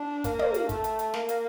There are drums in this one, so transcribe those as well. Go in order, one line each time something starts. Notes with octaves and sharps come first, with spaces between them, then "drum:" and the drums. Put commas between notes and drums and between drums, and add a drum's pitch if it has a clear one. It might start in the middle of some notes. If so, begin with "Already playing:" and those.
Already playing: D4
A#3, drum: kick, hi-hat
drum: tom
drum: hi-hat
A3, drum: kick, hi-hat
drum: hi-hat
drum: hi-hat
A#3, drum: snare
drum: hi-hat